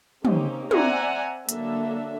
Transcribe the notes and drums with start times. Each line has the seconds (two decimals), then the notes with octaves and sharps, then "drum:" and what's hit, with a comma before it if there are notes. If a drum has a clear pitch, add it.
0.25 A#3 C4 C#4 D#4 G4, drum: tom
0.71 C4 D5 E5 F#5 G#5 A#5, drum: tom
1.49 D3 F#3 A#3 D4 A4 E5, drum: hi-hat